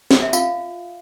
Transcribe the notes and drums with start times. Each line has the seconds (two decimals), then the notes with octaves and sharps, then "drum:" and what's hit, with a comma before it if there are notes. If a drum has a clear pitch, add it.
0.11 drum: snare
0.22 E5
0.33 F4 F5, drum: tambourine